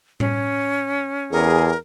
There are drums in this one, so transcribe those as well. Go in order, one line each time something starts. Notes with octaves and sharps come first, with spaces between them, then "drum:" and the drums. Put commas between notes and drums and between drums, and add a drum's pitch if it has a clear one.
C#4, drum: tom A2
E2 G4 G#4 A#4